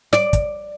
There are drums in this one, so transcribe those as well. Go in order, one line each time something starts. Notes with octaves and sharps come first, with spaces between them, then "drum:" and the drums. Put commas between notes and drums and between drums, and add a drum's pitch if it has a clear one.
D5, drum: snare
drum: kick, hi-hat